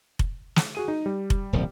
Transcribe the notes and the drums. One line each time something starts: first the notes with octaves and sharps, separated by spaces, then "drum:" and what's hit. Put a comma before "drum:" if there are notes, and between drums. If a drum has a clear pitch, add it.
drum: kick F1
drum: snare
F#4 G#4 D#7
D#4
G3
drum: kick F1
D#1 C2 F3